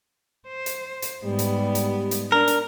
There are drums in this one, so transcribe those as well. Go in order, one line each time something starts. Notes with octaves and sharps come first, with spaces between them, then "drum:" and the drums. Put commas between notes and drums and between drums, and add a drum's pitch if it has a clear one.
C5
drum: hi-hat
drum: hi-hat
G#2 G3 B3
drum: hi-hat
drum: hi-hat
drum: hi-hat
D4 A#4
drum: hi-hat